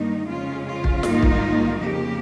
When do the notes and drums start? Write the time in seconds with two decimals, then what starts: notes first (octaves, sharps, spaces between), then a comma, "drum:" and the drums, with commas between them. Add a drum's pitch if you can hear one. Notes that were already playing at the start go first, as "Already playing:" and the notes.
Already playing: G2 D#3 A#3 D#4
0.26 F2 C#3 G#3 C#4 F4
0.65 F4
0.84 drum: kick
1.03 G#2 D#3 G3 A#3 D#4, drum: snare
1.22 drum: kick
1.80 F2 C#3 F3 A#3 G4